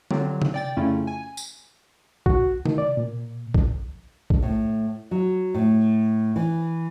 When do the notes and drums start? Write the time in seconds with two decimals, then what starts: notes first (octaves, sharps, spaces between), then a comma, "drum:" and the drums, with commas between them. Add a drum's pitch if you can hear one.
0.11 D3 F#3 C4 F4 G4, drum: tom F#3
0.42 drum: tom C3
0.54 D5 G5 A6
0.77 F2 C#3 A3 C#4 E4 F4
1.07 G#5
1.37 drum: tambourine
2.26 F#4, drum: kick A#1
2.66 D#3, drum: tom C3
2.78 D5
2.97 A#2
3.54 drum: kick A#1
4.30 drum: kick A#1
4.43 A2
5.11 F#3
5.54 A2
6.36 E3